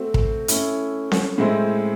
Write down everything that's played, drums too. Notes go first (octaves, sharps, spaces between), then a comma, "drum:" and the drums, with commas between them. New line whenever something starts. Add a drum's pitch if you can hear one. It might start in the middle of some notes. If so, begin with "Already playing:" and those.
Already playing: A3 C4 F#4
drum: kick
A3 C#4 E4, drum: hi-hat
drum: snare C4
A2 G#3 C4 E4 C5